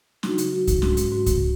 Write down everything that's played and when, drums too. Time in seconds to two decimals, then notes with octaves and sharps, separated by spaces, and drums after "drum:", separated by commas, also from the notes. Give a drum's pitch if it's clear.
0.23 C#3 F#3 D#4 F#4, drum: snare
0.38 drum: hi-hat
0.52 C#3 F#3 D#4 F#4
0.68 drum: kick C2, hi-hat
0.82 G#2 G#3 C#4 F#4, drum: snare
0.97 drum: hi-hat
1.12 G#2 G#3 C#4 F#4
1.26 drum: kick C2, hi-hat